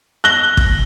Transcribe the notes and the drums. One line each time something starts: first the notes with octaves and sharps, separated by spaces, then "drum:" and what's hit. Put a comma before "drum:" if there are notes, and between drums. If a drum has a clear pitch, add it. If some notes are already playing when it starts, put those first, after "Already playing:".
F#6 A#6 G7
drum: kick